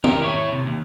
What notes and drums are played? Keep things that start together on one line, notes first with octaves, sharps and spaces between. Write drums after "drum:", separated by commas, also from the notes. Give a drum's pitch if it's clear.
G4 A#4, drum: tom
E4 C#5
C3
D#2